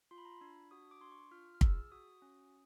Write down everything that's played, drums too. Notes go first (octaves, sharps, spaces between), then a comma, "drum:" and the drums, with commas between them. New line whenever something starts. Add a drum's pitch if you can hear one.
F4 C6
B5
A#5
B5
D4
F#4 D#6
D6
D4 C6
C#6
F4 F6
F6
G#4 E6, drum: kick
F#4 D#6
C#4